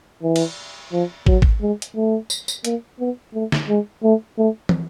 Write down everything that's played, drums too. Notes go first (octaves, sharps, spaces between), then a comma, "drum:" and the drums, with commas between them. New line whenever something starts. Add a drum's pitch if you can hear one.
E3
drum: cymbal
F3
F#3, drum: kick
drum: kick
G#3
drum: hi-hat
A3
drum: tambourine
drum: tambourine
A#3, drum: hi-hat
B3
A3
drum: snare
G#3
A3
A3
drum: tom